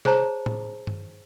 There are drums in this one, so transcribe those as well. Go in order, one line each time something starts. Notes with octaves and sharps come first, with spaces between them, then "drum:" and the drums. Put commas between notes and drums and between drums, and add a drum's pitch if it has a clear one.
G#4 C5 C#5 A5 A#5, drum: snare
drum: tom A2
drum: tom G2